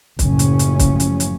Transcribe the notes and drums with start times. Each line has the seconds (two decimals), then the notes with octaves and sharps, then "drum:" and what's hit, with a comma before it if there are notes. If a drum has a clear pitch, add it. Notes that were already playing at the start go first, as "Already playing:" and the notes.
0.19 F#1 A2 C#3 F3 C#4, drum: kick, hi-hat
0.39 drum: hi-hat
0.59 drum: hi-hat
0.79 drum: kick, hi-hat
1.00 drum: hi-hat
1.20 drum: hi-hat